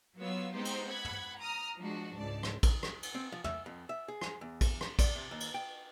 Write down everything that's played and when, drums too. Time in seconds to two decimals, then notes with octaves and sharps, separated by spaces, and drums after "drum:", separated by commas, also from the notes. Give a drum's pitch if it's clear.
0.17 F#3 B3 F4 C#5 E6
0.53 G#3 B3 C4 D#4 G4 C5
0.65 drum: cymbal
0.89 F#5 B5 G#6
1.05 drum: tom
1.39 A#5 D#6 F6
1.78 F3 G#3 D4 F#4
2.17 C#2 G#2 D5 A5
2.43 drum: rim click
2.63 drum: kick, cymbal
2.83 drum: rim click
3.03 drum: cymbal
3.15 C4
3.32 F3
3.44 E5, drum: tom
3.66 F2
3.89 E5
4.08 G#4
4.21 drum: rim click
4.41 E2
4.61 drum: kick, cymbal
4.81 drum: rim click
4.99 D5, drum: kick, cymbal
5.15 C3
5.31 D#2
5.40 drum: cymbal
5.54 G5